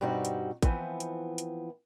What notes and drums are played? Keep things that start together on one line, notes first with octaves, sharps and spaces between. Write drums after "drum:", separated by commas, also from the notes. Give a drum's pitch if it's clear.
G2 B2 G3 C4 D#4 F#4
drum: hi-hat
E3 F3 B3 C4, drum: kick A1, hi-hat
drum: hi-hat
drum: hi-hat